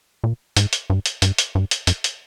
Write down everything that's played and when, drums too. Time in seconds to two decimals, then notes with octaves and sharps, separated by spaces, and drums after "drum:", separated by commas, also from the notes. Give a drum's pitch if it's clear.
0.24 A#2
0.57 G#2, drum: hi-hat
0.73 drum: hi-hat
0.90 G2
1.06 drum: hi-hat
1.22 G2, drum: hi-hat
1.38 drum: hi-hat
1.55 G2
1.71 drum: hi-hat
1.87 F#2, drum: hi-hat
2.04 drum: hi-hat